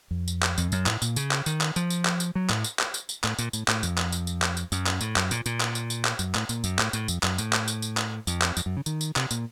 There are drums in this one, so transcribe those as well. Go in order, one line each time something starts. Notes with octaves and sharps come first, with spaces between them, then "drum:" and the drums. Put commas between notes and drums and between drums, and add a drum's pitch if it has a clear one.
F2
drum: tambourine
drum: clap
F2, drum: tambourine
F#2, drum: tambourine
A2, drum: clap
A#2, drum: tambourine
C#3, drum: tambourine
drum: clap
D#3, drum: tambourine
drum: clap
F3, drum: tambourine
drum: tambourine
drum: clap
drum: tambourine
F#3
A2, drum: clap
drum: tambourine
drum: clap
drum: tambourine
drum: tambourine
A2, drum: clap
A#2, drum: tambourine
A2, drum: tambourine
A2, drum: clap
F2, drum: tambourine
drum: clap
drum: tambourine
drum: tambourine
drum: clap
drum: tambourine
F#2, drum: tambourine
drum: clap
A2, drum: tambourine
F#2, drum: clap
A#2, drum: tambourine
A#2, drum: tambourine
drum: clap
drum: tambourine
drum: tambourine
drum: clap
F#2, drum: tambourine
A2, drum: clap
A#2, drum: tambourine
F#2, drum: tambourine
A2, drum: clap
A2, drum: tambourine
F2, drum: tambourine
F#2, drum: clap
A2, drum: tambourine
drum: clap
drum: tambourine
drum: tambourine
drum: clap
F2, drum: tambourine
drum: clap
F2, drum: tambourine
F#2
C#3
D#3, drum: tambourine
drum: tambourine
C3, drum: clap
A#2, drum: tambourine